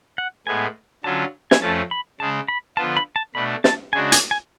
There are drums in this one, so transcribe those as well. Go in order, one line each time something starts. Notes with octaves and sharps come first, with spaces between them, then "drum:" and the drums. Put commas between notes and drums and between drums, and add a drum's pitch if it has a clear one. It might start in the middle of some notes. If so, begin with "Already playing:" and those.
F#5
A2 G#3 B3 G#5
D3 F#3 C#4 F4 A5
G#5, drum: snare
F2 F3 A3 C#4 A5
B5
C#3 G#3 C#4 A5
B5
D3 F3 B3 F4 A5
B5
A5
B2 A3 D4 B5
A5, drum: snare
C#3 G#3 D4 F#4 G#5
G#5, drum: hi-hat
G#5